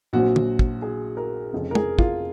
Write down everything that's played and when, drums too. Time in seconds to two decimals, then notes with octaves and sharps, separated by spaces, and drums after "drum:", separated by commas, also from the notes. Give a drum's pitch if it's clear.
0.13 A#1 A#2 F#3 C4 F#4
0.36 drum: tom
0.59 drum: kick
0.82 G#4
1.17 A#4
1.53 F1 F2 C#3
1.71 A#4
1.75 G#4, drum: tom
1.99 F4, drum: kick